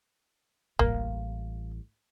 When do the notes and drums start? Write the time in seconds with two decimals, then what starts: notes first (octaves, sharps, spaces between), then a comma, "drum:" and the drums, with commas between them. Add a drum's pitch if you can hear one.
0.79 A1 G3 A#3, drum: kick